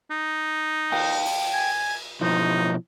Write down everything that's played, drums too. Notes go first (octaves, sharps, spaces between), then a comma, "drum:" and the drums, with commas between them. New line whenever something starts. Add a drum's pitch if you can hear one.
D#4
F5 G5, drum: cymbal
drum: open hi-hat
G#5
B2 F3 D#4 E4